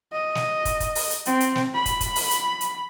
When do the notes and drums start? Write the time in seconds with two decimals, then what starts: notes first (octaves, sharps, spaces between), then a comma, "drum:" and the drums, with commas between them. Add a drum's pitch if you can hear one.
0.13 D#5
0.35 drum: snare
0.65 drum: kick, hi-hat
0.80 drum: kick, hi-hat
0.95 drum: open hi-hat
1.10 drum: hi-hat
1.25 C4, drum: hi-hat
1.40 drum: hi-hat
1.55 drum: snare
1.74 B5
1.86 drum: kick, hi-hat
2.01 drum: kick, hi-hat
2.16 drum: open hi-hat
2.31 drum: hi-hat
2.61 drum: hi-hat